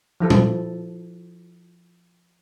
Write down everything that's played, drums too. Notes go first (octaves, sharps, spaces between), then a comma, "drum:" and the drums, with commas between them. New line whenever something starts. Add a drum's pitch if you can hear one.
F3 E4 A4
drum: tom A#2